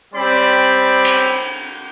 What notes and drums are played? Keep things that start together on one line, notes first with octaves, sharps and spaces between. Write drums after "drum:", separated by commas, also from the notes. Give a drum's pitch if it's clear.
G3 C4 C#4 G4 D5 B5
drum: cymbal